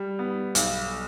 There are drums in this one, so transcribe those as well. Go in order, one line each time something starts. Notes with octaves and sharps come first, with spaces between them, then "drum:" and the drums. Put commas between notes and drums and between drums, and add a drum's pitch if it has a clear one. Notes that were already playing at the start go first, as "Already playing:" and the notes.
Already playing: G3
B3
B1, drum: hi-hat